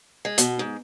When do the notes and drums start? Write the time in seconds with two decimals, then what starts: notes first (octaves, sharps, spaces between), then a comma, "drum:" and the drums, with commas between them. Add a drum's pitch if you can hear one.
0.25 G#3
0.38 B2, drum: hi-hat
0.59 G#2